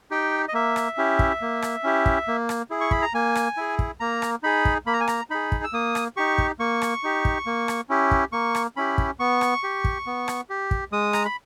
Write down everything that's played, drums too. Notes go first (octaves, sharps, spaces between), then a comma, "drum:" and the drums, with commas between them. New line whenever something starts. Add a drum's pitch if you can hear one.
D#4 G4 G5
D#5
A#3 E5
drum: rim click
C#4 E4 G4
drum: kick
A#3
drum: rim click
C#4 E4 G4
drum: kick
A#3
drum: rim click
E4 G#4
C#6
B5, drum: kick
A#5
A#3 G#5
drum: rim click
E4 G#4
drum: kick
A#3 A#5
drum: rim click
D#4 G#4 B5
drum: kick
A#3 B5
A#5
G#5
A#5, drum: rim click
D#4 G#4 B5
drum: kick
E6
A#3 D#6
drum: rim click
D#4 G4 C#6
drum: kick
A#3 C#6
drum: rim click
D#4 G4
drum: kick
A#3
drum: rim click
C#4 E4 G4
drum: kick
A#3 C#6
drum: rim click
C#4 E4 G4 B5
drum: kick
B3 C#6
drum: rim click
G4
drum: kick
B3
drum: rim click
G4
drum: kick
G#3 D#6
A#5, drum: rim click
B5